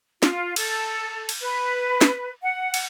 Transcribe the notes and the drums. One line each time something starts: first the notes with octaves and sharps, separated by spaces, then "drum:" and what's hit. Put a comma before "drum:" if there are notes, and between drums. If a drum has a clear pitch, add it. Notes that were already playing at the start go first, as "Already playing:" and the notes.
F4, drum: snare
A4, drum: cymbal
drum: cymbal
B4
drum: snare
F#5
drum: cymbal